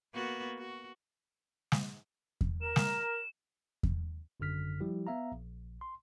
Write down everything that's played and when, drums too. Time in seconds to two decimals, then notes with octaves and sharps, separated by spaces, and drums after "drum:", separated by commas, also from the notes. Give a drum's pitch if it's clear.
0.14 A#3 B3 F#4
0.59 F#4
1.72 drum: snare
2.41 drum: kick E2
2.62 A#4 E7
2.76 drum: snare
3.83 drum: kick E2
4.40 G#1 F#2 D3 F6 B6
4.80 F3 G3 E4 G4
5.07 B3 E5 F5 A#5
5.32 A#1
5.81 C6